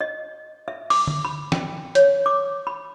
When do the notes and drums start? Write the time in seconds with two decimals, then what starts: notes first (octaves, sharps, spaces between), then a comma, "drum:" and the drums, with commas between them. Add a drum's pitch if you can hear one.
0.01 D#5
0.68 E5
0.90 D6, drum: open hi-hat
1.07 drum: tom D3
1.25 B5
1.52 G5, drum: snare
1.95 C#5, drum: hi-hat
2.26 D6
2.67 B5